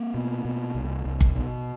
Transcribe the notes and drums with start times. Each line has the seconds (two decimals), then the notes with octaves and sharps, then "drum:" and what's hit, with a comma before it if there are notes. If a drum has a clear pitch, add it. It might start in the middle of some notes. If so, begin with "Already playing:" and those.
Already playing: A#3 C4
0.14 B2
0.45 B2
0.75 C2
1.06 C2
1.21 drum: kick G1
1.35 B2